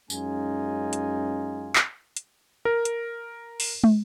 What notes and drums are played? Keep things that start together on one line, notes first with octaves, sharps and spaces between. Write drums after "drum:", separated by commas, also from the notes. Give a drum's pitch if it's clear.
F#2 G#3 C#4 D#4 F4 G#5, drum: tambourine
drum: hi-hat
drum: clap
drum: hi-hat
A#4
drum: hi-hat
drum: open hi-hat
drum: tom